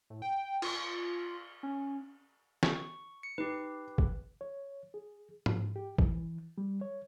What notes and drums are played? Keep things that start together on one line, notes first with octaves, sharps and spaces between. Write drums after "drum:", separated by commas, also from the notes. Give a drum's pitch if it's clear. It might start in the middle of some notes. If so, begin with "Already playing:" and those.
A2
G5
F4, drum: cymbal
C#4
C#6, drum: snare
C#7
D#4 G4 B4
drum: kick
C#5
G#4
G#2, drum: tom G#2
G4
E3, drum: kick
G3
C#5